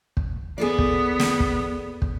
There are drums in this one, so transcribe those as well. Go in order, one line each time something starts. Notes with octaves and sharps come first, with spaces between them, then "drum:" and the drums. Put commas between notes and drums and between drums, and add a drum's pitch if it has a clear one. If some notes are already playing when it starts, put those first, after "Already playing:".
drum: kick
B3 G#4 A4 D5
drum: kick
drum: snare
drum: kick
drum: kick